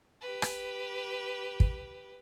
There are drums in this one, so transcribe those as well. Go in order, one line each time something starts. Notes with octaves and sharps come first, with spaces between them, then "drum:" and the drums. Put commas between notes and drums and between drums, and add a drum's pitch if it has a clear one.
G4 B4
drum: rim click
drum: kick